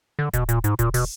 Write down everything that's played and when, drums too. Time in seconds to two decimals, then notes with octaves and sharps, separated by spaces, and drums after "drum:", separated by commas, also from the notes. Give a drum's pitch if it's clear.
0.19 D3
0.33 B2, drum: kick D#1, hi-hat
0.49 A#2, drum: hi-hat
0.64 G#2, drum: hi-hat
0.79 A#2, drum: kick D#1, hi-hat
0.94 B2, drum: open hi-hat